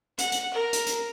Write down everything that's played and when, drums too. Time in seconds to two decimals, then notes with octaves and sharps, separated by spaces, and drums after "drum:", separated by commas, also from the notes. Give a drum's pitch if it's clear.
0.18 F#5, drum: hi-hat
0.32 drum: hi-hat
0.53 A#4
0.73 drum: hi-hat
0.86 drum: hi-hat